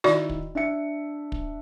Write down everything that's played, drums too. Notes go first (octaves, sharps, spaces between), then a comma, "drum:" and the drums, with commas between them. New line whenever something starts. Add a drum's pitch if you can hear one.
D#3 E4 F#4 D5, drum: rim click
drum: kick
D4 E5 C#7
drum: kick